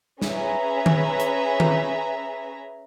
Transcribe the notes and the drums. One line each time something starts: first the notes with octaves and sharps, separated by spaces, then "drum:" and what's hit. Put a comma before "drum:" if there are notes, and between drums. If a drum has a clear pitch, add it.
C#4 G#4 B4 E5 A#5, drum: snare
drum: tom D#3
drum: hi-hat
drum: tom D#3